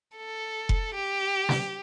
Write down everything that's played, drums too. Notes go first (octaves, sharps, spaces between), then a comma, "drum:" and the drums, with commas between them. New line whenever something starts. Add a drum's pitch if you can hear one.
A4
drum: kick F1
G4
drum: snare